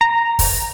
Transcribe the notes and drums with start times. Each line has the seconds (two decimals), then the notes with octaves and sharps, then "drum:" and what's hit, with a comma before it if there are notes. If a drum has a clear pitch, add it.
0.01 A#5
0.39 drum: kick, open hi-hat